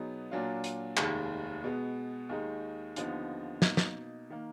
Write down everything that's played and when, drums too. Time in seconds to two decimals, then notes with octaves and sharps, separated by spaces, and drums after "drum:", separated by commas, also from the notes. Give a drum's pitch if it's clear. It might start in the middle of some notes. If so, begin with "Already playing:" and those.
Already playing: B2 F#3 B3 D#4 G#4
0.31 A#2 F#3 D4 F4
0.64 drum: hi-hat
0.97 F1 D#2 D#3 G#3, drum: clap
1.64 B2 G#3 B3
2.29 D#2 D#3 G#3 D#4
2.96 D#2 D3 F3 B3 D#4, drum: hi-hat
3.62 B2 A#3 D#4, drum: snare
3.77 drum: snare
4.30 D#3 A#3